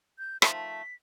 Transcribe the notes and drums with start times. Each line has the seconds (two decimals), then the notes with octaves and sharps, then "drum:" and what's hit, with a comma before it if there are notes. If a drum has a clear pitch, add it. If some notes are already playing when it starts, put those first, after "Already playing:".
0.19 G6
0.42 D#3 F3 A3 B6, drum: rim click